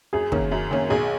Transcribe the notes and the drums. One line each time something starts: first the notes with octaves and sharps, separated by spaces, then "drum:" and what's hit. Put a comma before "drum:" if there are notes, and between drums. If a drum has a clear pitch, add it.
F#2 G#4
D#3 A#3 C#4, drum: kick
F#2
D#3 A#3 C#4
B1 G#4